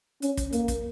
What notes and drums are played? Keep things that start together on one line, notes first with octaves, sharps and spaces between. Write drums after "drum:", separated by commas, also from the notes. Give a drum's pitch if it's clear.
C#4, drum: hi-hat
drum: kick, hi-hat
A#3, drum: hi-hat
drum: kick, hi-hat